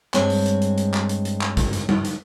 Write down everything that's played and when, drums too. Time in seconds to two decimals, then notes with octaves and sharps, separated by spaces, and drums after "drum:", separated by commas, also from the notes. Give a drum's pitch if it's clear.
0.14 G2 G#3 C4 C#5, drum: clap
0.30 drum: open hi-hat
0.46 drum: hi-hat
0.62 drum: hi-hat
0.78 drum: hi-hat
0.94 drum: clap
1.09 drum: hi-hat
1.25 drum: hi-hat
1.41 drum: clap
1.57 drum: kick, hi-hat
1.73 drum: hi-hat
1.89 drum: tom G3
2.05 drum: hi-hat